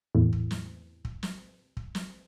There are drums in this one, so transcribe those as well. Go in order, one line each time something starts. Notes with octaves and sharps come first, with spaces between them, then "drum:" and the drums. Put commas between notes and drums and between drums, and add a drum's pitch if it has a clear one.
E2 A2
drum: kick
drum: snare
drum: kick
drum: snare
drum: kick
drum: snare